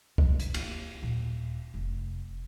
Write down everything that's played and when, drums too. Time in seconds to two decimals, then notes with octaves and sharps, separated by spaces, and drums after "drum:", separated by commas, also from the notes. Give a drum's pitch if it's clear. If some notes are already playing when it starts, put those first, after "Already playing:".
0.18 F3, drum: kick C2
0.40 drum: hi-hat
0.54 A#3, drum: cymbal
1.03 D#1
1.74 F1